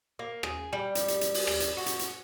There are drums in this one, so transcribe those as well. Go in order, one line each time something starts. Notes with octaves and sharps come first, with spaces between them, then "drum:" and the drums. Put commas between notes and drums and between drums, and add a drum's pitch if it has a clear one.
A#3
G#4, drum: rim click
G3
drum: hi-hat
drum: hi-hat
drum: hi-hat
drum: open hi-hat
drum: rim click
drum: hi-hat
F#4
drum: hi-hat
drum: hi-hat